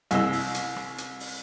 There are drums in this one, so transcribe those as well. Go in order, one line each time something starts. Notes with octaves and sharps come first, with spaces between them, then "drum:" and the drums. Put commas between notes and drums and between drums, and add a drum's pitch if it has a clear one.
C2 G#4 D#5 E6, drum: hi-hat
drum: open hi-hat
drum: hi-hat
drum: rim click
drum: hi-hat
drum: open hi-hat